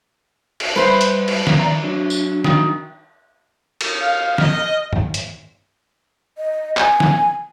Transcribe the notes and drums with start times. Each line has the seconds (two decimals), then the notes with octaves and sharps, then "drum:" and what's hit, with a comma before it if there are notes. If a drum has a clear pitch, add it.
0.60 drum: cymbal
0.76 G3 B4 C5
1.01 drum: hi-hat
1.28 drum: cymbal
1.47 drum: snare
1.59 D#3 D5 A#5
1.83 F#3 D4
2.10 drum: tambourine
2.44 D#3, drum: snare
3.81 drum: cymbal
4.00 F5
4.38 D#5 F6, drum: snare
4.93 drum: tom G2
5.14 drum: hi-hat
6.38 D#5
6.77 G#5, drum: clap
7.00 drum: snare